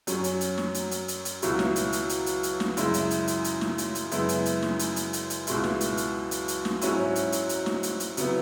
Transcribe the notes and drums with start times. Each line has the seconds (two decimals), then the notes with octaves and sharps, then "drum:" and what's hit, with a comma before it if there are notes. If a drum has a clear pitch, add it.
0.07 F#2 F#3 C#4, drum: hi-hat
0.24 drum: hi-hat
0.41 drum: hi-hat
0.58 drum: snare
0.74 drum: hi-hat
0.91 drum: hi-hat
1.08 drum: hi-hat
1.25 drum: hi-hat
1.42 C#2 B2 F#3 E4, drum: hi-hat
1.59 drum: snare
1.76 drum: hi-hat
1.93 drum: hi-hat
2.09 drum: hi-hat
2.26 drum: hi-hat
2.43 drum: hi-hat
2.60 drum: snare
2.77 F#2 C#3 G#3 E4, drum: hi-hat
2.94 drum: hi-hat
3.11 drum: hi-hat
3.28 drum: hi-hat
3.44 drum: hi-hat
3.61 drum: snare
3.78 drum: hi-hat
3.95 drum: hi-hat
4.11 F#2 C#3 G#3 B3 E4, drum: hi-hat
4.29 drum: hi-hat
4.46 drum: hi-hat
4.62 drum: snare
4.79 drum: hi-hat
4.96 drum: hi-hat
5.13 drum: hi-hat
5.30 drum: hi-hat
5.47 C#2 B2 G#3 E4, drum: hi-hat
5.64 drum: snare
5.81 drum: hi-hat
5.97 drum: hi-hat
6.31 drum: hi-hat
6.48 drum: hi-hat
6.65 drum: snare
6.81 G#2 F#3 C#4 E4, drum: hi-hat
7.16 drum: hi-hat
7.32 drum: hi-hat
7.49 drum: hi-hat
7.66 drum: snare
7.83 drum: hi-hat
8.00 drum: hi-hat
8.17 C#3 F#3 B3 E4, drum: hi-hat